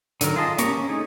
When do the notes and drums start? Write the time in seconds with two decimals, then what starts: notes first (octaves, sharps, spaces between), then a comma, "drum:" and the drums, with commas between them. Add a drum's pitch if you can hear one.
0.21 D3 D#3 F#3 A#4, drum: hi-hat
0.36 F4 G#4 D#5 A5
0.58 A#3 C#4 G4 A#5 C#6, drum: hi-hat
0.72 C#4
0.89 A3 D#4 G#4